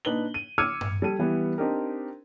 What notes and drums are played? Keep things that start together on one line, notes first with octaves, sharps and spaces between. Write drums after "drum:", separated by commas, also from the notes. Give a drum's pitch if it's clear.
A#2 D4 D#4 B4 F#7 G7
D#7
D6 E6 F6 G#6 C#7 D#7
drum: tom G2
G3 A4 D#7
E3 G3 B3 E4
C4 D4 D#4 G4 A#4